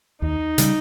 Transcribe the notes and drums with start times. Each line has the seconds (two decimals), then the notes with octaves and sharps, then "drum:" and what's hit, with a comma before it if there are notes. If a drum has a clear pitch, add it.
0.22 D#2 D#4
0.58 C#3 G3, drum: hi-hat